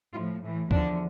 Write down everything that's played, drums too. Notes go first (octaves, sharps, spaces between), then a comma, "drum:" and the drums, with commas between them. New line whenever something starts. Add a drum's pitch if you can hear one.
A2 F3 F4
A2 E3
E2 D3 F3 D4, drum: kick D2